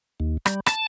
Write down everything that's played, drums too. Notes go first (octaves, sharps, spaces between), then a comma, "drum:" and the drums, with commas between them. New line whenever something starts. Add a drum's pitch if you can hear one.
D#2
G3, drum: rim click
A5, drum: rim click